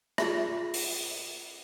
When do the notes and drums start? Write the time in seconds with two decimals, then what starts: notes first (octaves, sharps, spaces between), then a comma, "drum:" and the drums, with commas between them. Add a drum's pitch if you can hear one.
0.18 F4 G#4 E5, drum: rim click
0.74 drum: open hi-hat